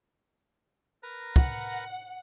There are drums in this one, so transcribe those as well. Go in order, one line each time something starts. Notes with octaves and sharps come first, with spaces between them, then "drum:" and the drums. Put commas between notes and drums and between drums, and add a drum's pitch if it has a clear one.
A#4 B4 A#5
F#5, drum: kick